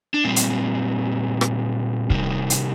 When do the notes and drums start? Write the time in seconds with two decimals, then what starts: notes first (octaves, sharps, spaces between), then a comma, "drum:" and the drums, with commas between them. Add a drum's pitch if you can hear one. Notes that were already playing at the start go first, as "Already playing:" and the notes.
0.14 D4
0.24 A#2 G3 C4
0.36 drum: hi-hat
1.41 drum: rim click
2.10 C3 D#3 G3, drum: kick
2.50 drum: hi-hat